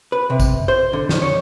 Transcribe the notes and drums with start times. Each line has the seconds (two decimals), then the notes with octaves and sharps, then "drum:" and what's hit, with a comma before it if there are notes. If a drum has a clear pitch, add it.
0.12 B4
0.30 C3
0.40 drum: kick A1, tambourine
0.68 C5
0.93 D3
1.09 D#3, drum: snare
1.22 C#5